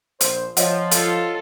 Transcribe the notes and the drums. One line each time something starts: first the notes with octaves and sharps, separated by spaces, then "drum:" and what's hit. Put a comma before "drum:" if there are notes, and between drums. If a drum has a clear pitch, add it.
A#1 C5, drum: hi-hat
F3 C#5 D#5 F#5, drum: hi-hat
F4 A4, drum: hi-hat